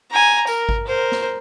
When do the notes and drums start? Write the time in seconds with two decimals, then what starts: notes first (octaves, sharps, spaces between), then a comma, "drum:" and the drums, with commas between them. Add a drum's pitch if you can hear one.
0.11 G#5 A#5
0.47 A#4, drum: tambourine
0.69 drum: kick G#1
0.87 A#4 C5
1.12 drum: snare